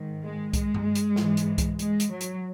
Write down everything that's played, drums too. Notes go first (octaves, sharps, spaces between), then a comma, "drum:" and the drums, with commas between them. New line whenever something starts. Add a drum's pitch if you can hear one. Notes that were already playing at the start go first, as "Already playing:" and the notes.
Already playing: G#2 D#3
G#3
G#3, drum: kick C2, hi-hat
drum: tom G2
drum: hi-hat
G#2 E3, drum: snare
drum: hi-hat
drum: kick C2, hi-hat
G#3, drum: hi-hat
drum: hi-hat
F#3
drum: hi-hat